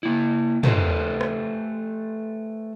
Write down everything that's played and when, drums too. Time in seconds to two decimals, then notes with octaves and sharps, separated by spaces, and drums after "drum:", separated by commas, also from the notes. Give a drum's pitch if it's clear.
0.03 A#3 E4
0.63 A3 G4 A4 B4 C5, drum: tom
1.21 drum: rim click